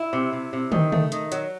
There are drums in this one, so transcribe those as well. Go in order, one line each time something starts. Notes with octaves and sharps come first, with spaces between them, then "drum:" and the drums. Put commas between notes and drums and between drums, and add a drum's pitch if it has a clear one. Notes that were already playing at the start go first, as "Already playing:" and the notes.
Already playing: E4
C3
C3
C3
D#3, drum: tom
A3, drum: tom
D#3, drum: hi-hat
F#3, drum: hi-hat